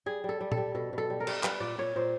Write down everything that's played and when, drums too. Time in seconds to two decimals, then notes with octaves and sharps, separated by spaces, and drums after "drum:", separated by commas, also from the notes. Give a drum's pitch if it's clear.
0.06 G3 G#4
0.24 G3 A4
0.41 G3
0.52 A4, drum: tom
0.57 G3
0.75 B2 A4
0.93 B2
0.98 A4
1.10 G3
1.20 A#4
1.27 G3, drum: cymbal
1.44 G3 B4, drum: clap
1.60 A#2 D5
1.78 A#2 C#5
1.96 A#2 C5